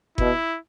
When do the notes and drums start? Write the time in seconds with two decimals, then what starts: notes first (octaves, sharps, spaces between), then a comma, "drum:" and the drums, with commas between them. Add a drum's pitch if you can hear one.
0.18 B2 E4, drum: kick F#1